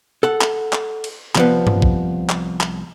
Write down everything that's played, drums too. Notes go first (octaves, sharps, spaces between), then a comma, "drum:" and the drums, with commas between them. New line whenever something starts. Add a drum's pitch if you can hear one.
A4 F#5
drum: clap
drum: clap
drum: cymbal
C2 F3 B3, drum: clap
drum: tom G2
drum: kick
drum: clap
drum: clap